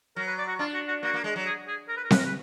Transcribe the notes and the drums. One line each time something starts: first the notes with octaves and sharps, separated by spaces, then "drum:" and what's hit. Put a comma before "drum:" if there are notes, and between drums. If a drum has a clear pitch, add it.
F#3 A#4
B4
D5
F#4
D4 F4
F#4
F#4
A#3 F#4
A#3
G#3
F#3
G#4
G#4
A#4
B4
A#4
B4, drum: snare C4
A#4
B4